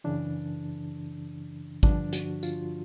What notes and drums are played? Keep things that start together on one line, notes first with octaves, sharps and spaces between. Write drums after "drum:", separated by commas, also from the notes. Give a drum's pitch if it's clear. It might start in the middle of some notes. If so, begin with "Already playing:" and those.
F#2 C#3 E3 D4
G2 D3 F3 D4, drum: kick G#1
F#4, drum: hi-hat
F4, drum: tambourine